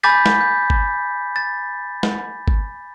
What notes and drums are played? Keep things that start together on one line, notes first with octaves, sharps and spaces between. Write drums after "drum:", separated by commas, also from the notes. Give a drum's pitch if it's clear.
G#5 B5 D6 G6 A6 B6
drum: snare
G6
drum: kick
A6
drum: snare
drum: kick